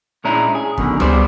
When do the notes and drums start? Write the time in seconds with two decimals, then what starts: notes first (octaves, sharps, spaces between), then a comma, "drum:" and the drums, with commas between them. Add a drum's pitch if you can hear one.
0.24 A#2 G#3 C#4 D4 E4 A#5
0.55 G#4
0.78 F#2 B2 D3 D#3, drum: kick
1.00 G3 B3 G4 G#4 C5 D5, drum: tom C#2